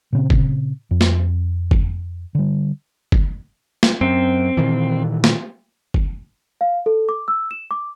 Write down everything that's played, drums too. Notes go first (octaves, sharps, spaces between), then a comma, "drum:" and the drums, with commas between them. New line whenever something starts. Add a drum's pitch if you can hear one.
A#2 C#3 C4
drum: kick
F2
drum: snare
drum: kick
D3 G3
drum: kick
drum: snare
F#2 C4
A#2 D#3 E3
drum: snare
drum: kick
F5
A4
D6
E6
E7
D6